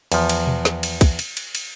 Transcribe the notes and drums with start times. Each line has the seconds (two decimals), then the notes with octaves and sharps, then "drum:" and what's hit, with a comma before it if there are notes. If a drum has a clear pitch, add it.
0.12 E2 F3, drum: cymbal
0.29 drum: cymbal
0.47 drum: tom B2
0.65 drum: snare
0.83 drum: cymbal
1.01 drum: kick, cymbal
1.19 drum: cymbal
1.37 drum: cymbal
1.55 drum: cymbal